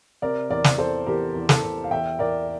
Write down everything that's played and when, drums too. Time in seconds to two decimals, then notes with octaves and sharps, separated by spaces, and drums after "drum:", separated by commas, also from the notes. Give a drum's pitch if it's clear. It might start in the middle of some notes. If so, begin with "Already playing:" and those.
0.22 C3 A#4 D5
0.50 E2 A#4 D5
0.64 drum: snare
0.78 E2 A4 C5
1.07 E2 G4 A#4
1.35 E2
1.49 A4, drum: snare
1.63 E2
1.84 F5
1.91 E2 E5 G5
2.19 E2 A#4 D5